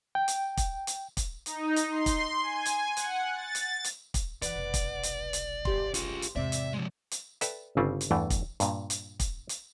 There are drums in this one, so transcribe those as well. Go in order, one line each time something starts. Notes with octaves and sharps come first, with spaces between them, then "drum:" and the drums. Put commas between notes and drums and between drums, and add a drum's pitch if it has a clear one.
G5
drum: hi-hat
drum: kick, hi-hat
drum: hi-hat
drum: kick, hi-hat
D#4, drum: hi-hat
drum: hi-hat
C6
drum: kick, hi-hat
G#5
drum: hi-hat
F#5, drum: hi-hat
A6
drum: hi-hat
drum: hi-hat
drum: kick, hi-hat
E1 E3 B4 D5 F#5, drum: hi-hat
F1 B1
drum: kick, hi-hat
drum: hi-hat
drum: hi-hat
G1 G4 C6, drum: kick
F4 G#4, drum: hi-hat
drum: hi-hat
E2 G#2 C3 C4 D5 E5
drum: hi-hat
F3 G#3
drum: hi-hat
A4 B4 D5 E5 G5 A5, drum: hi-hat
G1 C#3 G3 C4 E4 F4
drum: hi-hat
E2 G2 E3 A3 G5
drum: kick, hi-hat
G2 A#2, drum: hi-hat
drum: hi-hat
drum: kick, hi-hat
drum: hi-hat